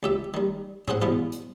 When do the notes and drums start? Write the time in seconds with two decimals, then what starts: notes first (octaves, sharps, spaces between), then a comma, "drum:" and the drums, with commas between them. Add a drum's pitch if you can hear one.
0.03 C#2 G4 E5
0.34 D#3 G3
0.88 C4 G#4 C5 F#5, drum: tom G#2
1.02 E2 B2 E3 F4
1.32 drum: hi-hat